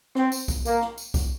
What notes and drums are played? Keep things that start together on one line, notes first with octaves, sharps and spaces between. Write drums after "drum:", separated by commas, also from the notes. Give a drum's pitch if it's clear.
C4, drum: rim click
drum: tambourine
drum: kick B1, tambourine
A#3, drum: tambourine
drum: rim click
drum: tambourine
drum: kick B1, tambourine